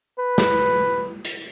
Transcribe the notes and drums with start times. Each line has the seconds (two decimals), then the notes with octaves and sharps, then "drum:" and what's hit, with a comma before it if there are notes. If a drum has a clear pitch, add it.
0.18 B4
0.38 drum: snare
1.25 drum: hi-hat